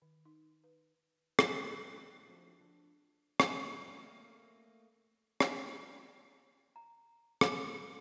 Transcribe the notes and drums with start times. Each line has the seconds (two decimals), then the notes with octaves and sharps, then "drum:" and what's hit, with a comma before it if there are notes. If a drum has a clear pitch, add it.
0.02 D#3
0.25 D#4
0.64 B4
1.39 drum: rim click
1.64 C6 D#6 E6 F#6 G#6 A6
1.92 G#2 D#4 F#6
2.28 F3 A3 C4 D4 F#4
2.59 F3 D4
3.40 drum: rim click
3.88 A3 A#3 D#5
5.40 drum: rim click
6.76 A#5
7.41 drum: rim click